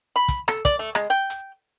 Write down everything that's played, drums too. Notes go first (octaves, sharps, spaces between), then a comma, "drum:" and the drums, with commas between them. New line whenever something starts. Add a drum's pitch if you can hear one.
B5
drum: kick, hi-hat
A4, drum: rim click
D5, drum: kick, hi-hat
A3
G#3, drum: rim click
G5
drum: hi-hat